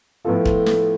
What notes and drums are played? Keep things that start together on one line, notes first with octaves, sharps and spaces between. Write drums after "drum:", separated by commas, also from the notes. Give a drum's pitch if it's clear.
A2 F3 B3 F4 A4
drum: kick
drum: snare